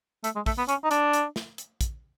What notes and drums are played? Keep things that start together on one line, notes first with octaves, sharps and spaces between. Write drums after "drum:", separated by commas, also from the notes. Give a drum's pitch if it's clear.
A3, drum: hi-hat
G#3
A3, drum: kick, open hi-hat
B3
C#4, drum: hi-hat
D#4
D4, drum: hi-hat
drum: hi-hat
drum: snare
drum: hi-hat
drum: kick, hi-hat